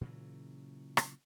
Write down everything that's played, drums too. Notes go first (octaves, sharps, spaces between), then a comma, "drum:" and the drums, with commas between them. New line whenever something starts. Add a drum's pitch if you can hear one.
A#2 C#3 E3 F#3
drum: rim click